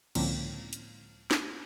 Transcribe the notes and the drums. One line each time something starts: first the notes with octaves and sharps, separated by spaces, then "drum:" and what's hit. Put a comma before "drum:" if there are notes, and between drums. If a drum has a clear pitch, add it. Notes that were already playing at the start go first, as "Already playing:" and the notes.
C#2 A2 D3 F3 A#3 C4, drum: cymbal
drum: hi-hat
drum: snare